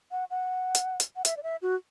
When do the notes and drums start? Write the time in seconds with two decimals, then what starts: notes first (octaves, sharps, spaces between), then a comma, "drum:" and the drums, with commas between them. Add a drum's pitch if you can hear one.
0.11 F#5
0.30 F#5
0.75 drum: hi-hat
1.00 drum: hi-hat
1.16 F#5
1.25 E5, drum: hi-hat
1.37 D5
1.43 E5
1.62 F#4